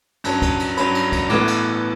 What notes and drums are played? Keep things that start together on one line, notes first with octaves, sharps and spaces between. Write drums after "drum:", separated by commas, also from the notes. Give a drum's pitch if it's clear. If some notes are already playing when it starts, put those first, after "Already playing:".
G2 F#3 C#4 A5, drum: cymbal
drum: kick C#2, cymbal
drum: cymbal
G2 F#3 C#4 B5, drum: cymbal
drum: cymbal
drum: kick C#2, cymbal
A2 E3 B3 D6, drum: cymbal
drum: cymbal